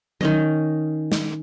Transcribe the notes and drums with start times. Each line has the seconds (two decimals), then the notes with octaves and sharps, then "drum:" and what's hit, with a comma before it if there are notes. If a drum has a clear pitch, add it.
0.21 D#3 C#4 D#5, drum: tom F#3
1.12 drum: snare